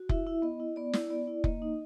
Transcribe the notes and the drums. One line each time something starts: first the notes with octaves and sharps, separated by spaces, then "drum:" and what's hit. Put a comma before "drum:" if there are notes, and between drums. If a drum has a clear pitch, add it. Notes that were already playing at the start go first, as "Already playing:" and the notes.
Already playing: F#4
E4 E5, drum: kick F1
E4
B3 D#5
E4
B3 D5
E4, drum: snare
B3 D5
E4
A#3 D#5, drum: kick F1
D#4